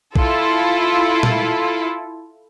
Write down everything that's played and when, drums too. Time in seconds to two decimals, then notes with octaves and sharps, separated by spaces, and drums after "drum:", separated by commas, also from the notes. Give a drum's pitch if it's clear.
0.16 E4 F4 A4, drum: kick
1.23 drum: tom A#2